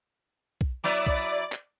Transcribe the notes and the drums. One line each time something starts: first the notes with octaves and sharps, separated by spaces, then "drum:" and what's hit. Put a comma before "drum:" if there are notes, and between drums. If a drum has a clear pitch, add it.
drum: kick B1
F#3 B3 E4 D5
drum: kick B1
drum: clap